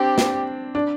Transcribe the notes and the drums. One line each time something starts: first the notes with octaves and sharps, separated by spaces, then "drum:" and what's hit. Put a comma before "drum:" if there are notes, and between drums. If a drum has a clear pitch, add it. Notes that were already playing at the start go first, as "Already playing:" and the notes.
Already playing: C4 D4 G4
drum: snare
D4